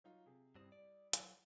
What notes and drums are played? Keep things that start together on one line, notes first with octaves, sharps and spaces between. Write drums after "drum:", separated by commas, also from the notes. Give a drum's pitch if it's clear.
F#3 D#4 F4
C3 G#4
G2 G3 C4 E4 D#6
D5
F#3, drum: hi-hat